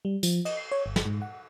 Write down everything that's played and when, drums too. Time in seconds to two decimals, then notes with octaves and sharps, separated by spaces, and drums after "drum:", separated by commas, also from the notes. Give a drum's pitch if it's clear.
0.05 G3
0.23 F3, drum: tambourine
0.45 D#5, drum: cymbal
0.57 C7
0.72 C#5
0.86 G1
0.96 drum: snare
1.05 G#2
1.22 F#5